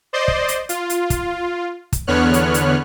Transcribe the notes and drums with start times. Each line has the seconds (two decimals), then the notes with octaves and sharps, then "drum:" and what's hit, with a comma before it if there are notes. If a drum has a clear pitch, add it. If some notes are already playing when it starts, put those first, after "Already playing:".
0.13 C5 D5 D#5 C6
0.28 drum: kick
0.48 drum: hi-hat
0.69 F4, drum: hi-hat
0.90 drum: hi-hat
1.10 drum: kick, hi-hat
1.93 drum: kick, hi-hat
2.07 E2 D3 B3 C#5 F6 F#6
2.34 drum: hi-hat
2.54 drum: hi-hat